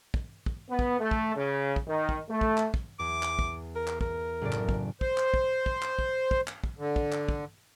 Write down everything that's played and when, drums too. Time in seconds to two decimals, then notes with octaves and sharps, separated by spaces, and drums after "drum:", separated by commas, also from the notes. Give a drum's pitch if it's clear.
0.14 drum: kick
0.46 drum: kick
0.69 B3
0.79 drum: kick
0.99 A3
1.11 drum: kick
1.35 C#3
1.76 drum: kick
1.87 D#3
2.09 drum: kick
2.29 A3
2.41 drum: kick
2.58 drum: clap
2.74 drum: kick
2.99 E2 D6
3.22 drum: clap
3.39 drum: kick
3.76 A#4
3.87 drum: clap
4.01 A#4, drum: kick
4.41 F#1 A2 D5
4.52 drum: clap
4.69 drum: kick
5.01 C5, drum: kick
5.17 drum: clap
5.34 drum: kick
5.66 drum: kick
5.82 drum: clap
5.99 drum: kick
6.31 drum: kick
6.47 drum: clap
6.64 drum: kick
6.78 D3
6.96 drum: kick
7.12 drum: clap
7.29 drum: kick